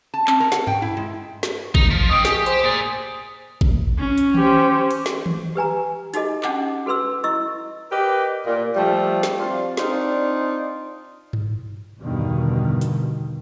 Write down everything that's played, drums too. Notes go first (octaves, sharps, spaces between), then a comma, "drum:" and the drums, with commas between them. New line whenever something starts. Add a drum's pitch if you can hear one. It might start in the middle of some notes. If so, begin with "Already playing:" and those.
A5
C4, drum: clap
A#4
F#5, drum: snare
G5, drum: tom G2
E4
G#3
drum: snare
D#4, drum: kick A1
F3
C#4 D#5 G5
G4 G#4, drum: snare
C5, drum: hi-hat
A#3 G#4 D5
drum: kick A1
C#4
drum: hi-hat
G4 C5, drum: tom D#3
drum: cymbal
drum: snare
drum: tom D#3
G4 B4 G#5 A#5
D#4 F#4 G4 A4 D#5, drum: hi-hat
C#4 D4 F#5 A5 D6, drum: clap
F#4 A4 B4 C6 E6
E4 D#5 C#6 E6
G4 A#4 B4 D5 D#5
A#2
F3 G3 A3
drum: snare
C4 D4 F4
C4 D4 D#4 F4 D5, drum: snare
drum: tom G2
E2 G2 B2 D3 D#3
drum: hi-hat